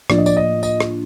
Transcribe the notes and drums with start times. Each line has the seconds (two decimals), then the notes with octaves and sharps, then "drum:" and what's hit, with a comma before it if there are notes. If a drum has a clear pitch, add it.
0.10 A2 F3 A#3 D4 F4 D5, drum: rim click
0.18 D#5
0.26 D5, drum: tambourine
0.37 D#5
0.63 D#5, drum: tambourine
0.80 drum: rim click